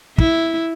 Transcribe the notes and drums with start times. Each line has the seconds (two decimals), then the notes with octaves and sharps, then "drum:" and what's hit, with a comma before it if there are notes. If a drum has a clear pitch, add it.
0.18 E4, drum: kick